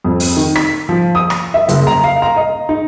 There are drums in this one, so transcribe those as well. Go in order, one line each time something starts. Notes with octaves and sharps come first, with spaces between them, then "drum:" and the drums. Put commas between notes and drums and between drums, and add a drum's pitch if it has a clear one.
F2
drum: open hi-hat
D#3
B6, drum: rim click
F3
D#6
drum: rim click
E5
F#1, drum: hi-hat
A#5
F5
A#5
D#5
D#4